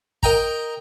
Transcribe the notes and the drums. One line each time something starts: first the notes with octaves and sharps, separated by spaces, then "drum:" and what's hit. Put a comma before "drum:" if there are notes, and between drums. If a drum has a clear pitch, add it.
A#4 D#5 G5 A#5, drum: kick